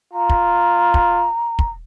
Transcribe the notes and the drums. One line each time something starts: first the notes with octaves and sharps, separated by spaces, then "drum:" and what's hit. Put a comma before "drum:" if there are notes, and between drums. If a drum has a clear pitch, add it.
F4 A#5
drum: kick
drum: kick
drum: kick